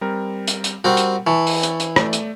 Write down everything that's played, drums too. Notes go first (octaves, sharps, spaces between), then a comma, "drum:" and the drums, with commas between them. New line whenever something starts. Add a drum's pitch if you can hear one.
G3 C4 A#4
drum: hi-hat
drum: hi-hat
G3 C4 F#4 A#4
drum: hi-hat
E3 A5 C#6
drum: open hi-hat
drum: hi-hat
drum: hi-hat
A3 D5, drum: rim click
drum: hi-hat